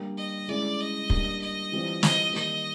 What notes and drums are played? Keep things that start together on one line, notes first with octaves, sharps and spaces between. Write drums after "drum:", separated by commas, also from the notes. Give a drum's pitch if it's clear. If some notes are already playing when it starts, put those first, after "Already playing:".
Already playing: G3 A#3 D4 G4
D#5
G#3 C#4 E4 G#4 D5
D#5
G3 A#3 D4 G4 A#4, drum: kick
D#5
E3 G3 C4 F4
D#5, drum: snare
D#3 G3 A#3 D#5